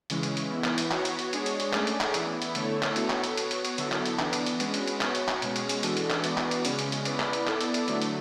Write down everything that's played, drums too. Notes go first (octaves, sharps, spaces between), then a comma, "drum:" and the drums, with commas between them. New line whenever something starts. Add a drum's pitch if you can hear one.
C#3 E3 G#3 C#4, drum: hi-hat
drum: hi-hat
drum: hi-hat
E3 B3 E4
drum: clap
drum: hi-hat
B3 F#4 C#5, drum: clap
drum: hi-hat
drum: hi-hat
G#3 D4 G#4 C#5, drum: hi-hat
drum: hi-hat
drum: hi-hat
A3 C#4 G#4 D5, drum: clap
drum: hi-hat
drum: clap
E3 B3 E4, drum: hi-hat
drum: hi-hat
D3 A3 E4 A4 C#5, drum: hi-hat
drum: clap
B3 F#4 A4 C#5, drum: hi-hat
drum: clap
drum: hi-hat
B3 F#4 C#5, drum: hi-hat
drum: hi-hat
drum: hi-hat
D3 F#3 B3 E4 A4, drum: hi-hat
drum: clap
drum: hi-hat
E3 B3 D4, drum: clap
drum: hi-hat
drum: hi-hat
G#3 C#4 F#4 B4, drum: hi-hat
drum: hi-hat
drum: hi-hat
B3 F#4 C#5, drum: clap
drum: hi-hat
drum: clap
B2 G#3 C#4, drum: hi-hat
drum: hi-hat
drum: hi-hat
E3 G#3 D4 F#4 A4, drum: hi-hat
drum: hi-hat
drum: clap
E3 B3 F#4 B4 D5, drum: hi-hat
drum: clap
drum: hi-hat
C#3 G#3 C#4, drum: hi-hat
drum: hi-hat
drum: hi-hat
B3 E4 B4 D5, drum: hi-hat
drum: clap
drum: hi-hat
B3 E4 A4 D5, drum: clap
drum: hi-hat
drum: hi-hat
D3 F#3 A3 D4, drum: hi-hat
drum: hi-hat